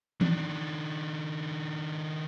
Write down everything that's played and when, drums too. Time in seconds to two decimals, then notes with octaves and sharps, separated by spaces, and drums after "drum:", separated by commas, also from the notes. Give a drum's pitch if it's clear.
0.21 D#3 D4, drum: tom E3